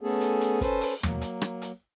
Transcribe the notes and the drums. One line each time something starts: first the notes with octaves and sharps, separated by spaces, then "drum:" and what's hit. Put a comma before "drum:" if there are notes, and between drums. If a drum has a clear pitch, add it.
A3 B3 C#4 G#4 A4
drum: hi-hat
drum: hi-hat
C#4 A4 B4 C5, drum: kick, hi-hat
drum: open hi-hat
F#3 A#3, drum: tom
drum: hi-hat
drum: rim click
drum: hi-hat